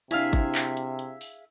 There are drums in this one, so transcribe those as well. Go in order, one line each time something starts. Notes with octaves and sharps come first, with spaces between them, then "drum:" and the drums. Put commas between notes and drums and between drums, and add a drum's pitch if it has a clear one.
C3 D4 E4 G#4 E5 F5, drum: hi-hat
drum: kick G#1, hi-hat
drum: clap
drum: hi-hat
drum: hi-hat
drum: open hi-hat